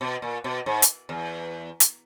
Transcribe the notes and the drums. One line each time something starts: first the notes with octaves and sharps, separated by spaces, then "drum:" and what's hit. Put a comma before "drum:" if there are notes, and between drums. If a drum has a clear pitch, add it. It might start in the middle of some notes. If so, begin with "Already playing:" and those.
B2
A#2
B2
G#2
drum: hi-hat
E2
drum: hi-hat